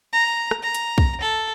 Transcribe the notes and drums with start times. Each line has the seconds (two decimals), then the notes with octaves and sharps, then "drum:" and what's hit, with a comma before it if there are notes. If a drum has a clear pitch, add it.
0.13 A#5
0.51 drum: rim click
0.62 A#5
0.75 drum: hi-hat
0.98 drum: kick
1.21 A4